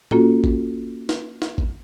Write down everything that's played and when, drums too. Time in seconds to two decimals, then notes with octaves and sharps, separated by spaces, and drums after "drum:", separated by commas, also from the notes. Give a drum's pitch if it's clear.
0.11 A#3 C#4 F4 F#4 A4, drum: tom A2
0.44 drum: kick G#1
1.09 drum: snare
1.42 drum: snare
1.58 drum: kick G#1